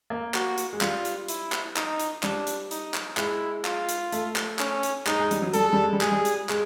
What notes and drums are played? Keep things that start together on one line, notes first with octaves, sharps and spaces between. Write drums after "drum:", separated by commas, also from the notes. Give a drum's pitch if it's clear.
A#3
F#4, drum: clap
drum: hi-hat
G#3
G3 F4, drum: clap
drum: hi-hat
E4, drum: hi-hat
drum: clap
D#4, drum: clap
drum: hi-hat
G3 D4, drum: clap
drum: hi-hat
D#4, drum: hi-hat
drum: clap
G#3 E4, drum: clap
F4, drum: clap
drum: hi-hat
A3, drum: hi-hat
drum: clap
C#4, drum: clap
drum: hi-hat
G#3 D#4, drum: clap
G#3
G3, drum: hi-hat
F#3
G3 A4, drum: hi-hat
G#3
G3
G#3
G3
G#3 G#4, drum: clap
G3
drum: hi-hat
G#3, drum: clap